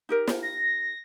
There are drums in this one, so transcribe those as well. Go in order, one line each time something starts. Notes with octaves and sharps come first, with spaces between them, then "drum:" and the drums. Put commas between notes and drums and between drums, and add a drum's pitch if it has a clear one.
D#4 G4 A#4
drum: snare
A#6